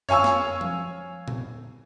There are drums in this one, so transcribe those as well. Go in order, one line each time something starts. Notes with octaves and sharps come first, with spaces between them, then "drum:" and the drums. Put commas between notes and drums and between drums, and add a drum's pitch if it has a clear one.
C#5 F5 G#5 C#6 E6, drum: tom F2
drum: snare
drum: tom F3
drum: tom A#2